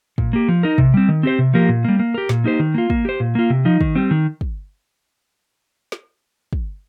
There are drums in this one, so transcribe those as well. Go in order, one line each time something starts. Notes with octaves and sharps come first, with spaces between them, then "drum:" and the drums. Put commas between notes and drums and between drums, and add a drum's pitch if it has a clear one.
A#2, drum: kick
A#3 G4
F3
D#4 A#4
C3, drum: kick
G3 C4
D#3
C4 G4 C5
C3
F3 A#3 G4 A#4
A#2
G3 A#3
A#3
G4 A#4
A#2, drum: snare
A#3 D#4 G4 C5
D#3
A#3 F4
A#3, drum: kick
G4 C5
A#2
A#3 F4
C3
F3 D#4
D#3, drum: kick
G3 C4
D#3
drum: kick
drum: snare
drum: kick